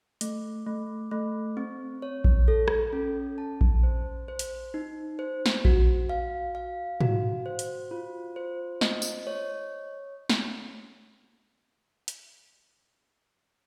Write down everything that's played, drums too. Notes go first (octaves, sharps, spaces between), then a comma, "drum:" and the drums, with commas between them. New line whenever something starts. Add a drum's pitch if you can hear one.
A3, drum: hi-hat
A3
A3
C4
C#5
drum: kick A#1
A4
drum: rim click
C#4
A5
drum: kick A#1
C5
C5
drum: hi-hat
D#4
C5
drum: snare
F#4, drum: kick A#1
F5
F5
F#4, drum: tom
C5
drum: hi-hat
F4
C5
D#5, drum: snare
drum: tambourine
C#5
drum: snare
drum: hi-hat